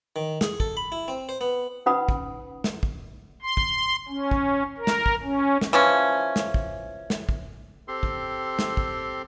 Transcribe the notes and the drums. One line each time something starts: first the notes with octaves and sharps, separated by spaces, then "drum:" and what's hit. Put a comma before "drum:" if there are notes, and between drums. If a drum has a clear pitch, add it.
D#3
G#4, drum: snare
A4, drum: kick
B5
E4
C4
C5
B3
C#4 D#4 B4 F#5 B5 D#6
drum: kick
drum: snare
drum: kick
C6
drum: kick
C#4
drum: kick
A#4
drum: snare
drum: kick
C#4
drum: snare
E3 F3 C#4
drum: snare
drum: kick
drum: snare
drum: kick
C4 G4 A4 C6
drum: kick
drum: snare
drum: kick